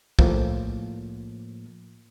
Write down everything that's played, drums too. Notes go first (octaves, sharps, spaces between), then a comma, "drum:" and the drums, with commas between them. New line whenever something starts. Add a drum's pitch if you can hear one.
A2 F3 A#3, drum: kick B1